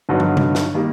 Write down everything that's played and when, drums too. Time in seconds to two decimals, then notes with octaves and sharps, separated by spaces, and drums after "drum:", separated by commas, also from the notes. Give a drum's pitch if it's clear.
0.09 G2 D3 F#3 B3 D#4
0.20 drum: tom
0.37 drum: tom C3
0.55 drum: snare
0.74 D#3 G3 A#3